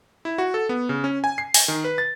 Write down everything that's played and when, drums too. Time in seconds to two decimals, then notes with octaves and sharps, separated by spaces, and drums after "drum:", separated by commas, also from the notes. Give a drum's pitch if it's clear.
0.25 E4
0.38 F#4
0.54 A4
0.69 B3
0.89 C#3
1.04 C#4
1.24 G#5
1.38 C7
1.54 G#5, drum: open hi-hat
1.68 D#3
1.84 B4
1.98 A6